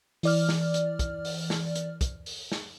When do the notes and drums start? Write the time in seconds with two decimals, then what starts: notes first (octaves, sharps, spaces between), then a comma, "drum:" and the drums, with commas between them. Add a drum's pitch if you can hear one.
0.23 E3 D5 F6, drum: open hi-hat
0.49 drum: snare
0.74 drum: hi-hat
0.99 drum: kick, hi-hat
1.25 drum: open hi-hat
1.50 drum: snare
1.75 drum: hi-hat
2.01 drum: kick, hi-hat
2.26 drum: open hi-hat
2.52 drum: snare